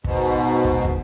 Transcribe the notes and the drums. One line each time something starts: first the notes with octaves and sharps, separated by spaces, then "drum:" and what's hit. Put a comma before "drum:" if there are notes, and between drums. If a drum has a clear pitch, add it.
G#2 B2, drum: kick
drum: kick
drum: kick